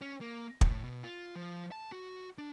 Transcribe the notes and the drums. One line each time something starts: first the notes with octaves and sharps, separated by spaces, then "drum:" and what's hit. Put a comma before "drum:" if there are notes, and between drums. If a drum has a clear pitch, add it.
C#4
A#3
A2, drum: kick
B2
F4
F3
A5
F#4
D4